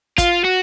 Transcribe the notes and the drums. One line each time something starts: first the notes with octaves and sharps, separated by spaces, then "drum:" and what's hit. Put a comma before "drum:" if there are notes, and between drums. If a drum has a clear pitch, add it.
F4, drum: kick, hi-hat
F#4